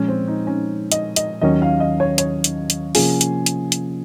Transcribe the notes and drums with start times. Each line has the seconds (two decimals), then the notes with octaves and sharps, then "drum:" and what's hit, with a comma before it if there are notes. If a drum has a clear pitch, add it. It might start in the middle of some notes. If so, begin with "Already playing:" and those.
Already playing: A#2 F3 G#3 C#4
0.08 C4
0.27 D#4
0.47 C#4
0.92 D#5, drum: hi-hat
1.16 D#5, drum: hi-hat
1.42 D#2 D#3 F#3 C#4 D#5
1.62 F5
1.80 D#5
2.00 C#5
2.18 C#5, drum: hi-hat
2.44 drum: hi-hat
2.70 drum: hi-hat
2.95 C3 F3 A#3 C#4 F4 G#4, drum: open hi-hat
3.21 drum: hi-hat
3.46 drum: hi-hat
3.72 drum: hi-hat